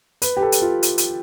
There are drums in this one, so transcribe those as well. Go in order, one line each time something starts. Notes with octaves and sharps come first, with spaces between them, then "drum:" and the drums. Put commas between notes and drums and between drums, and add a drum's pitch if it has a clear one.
B4, drum: hi-hat
G4
A4
drum: hi-hat
F4
drum: hi-hat
drum: hi-hat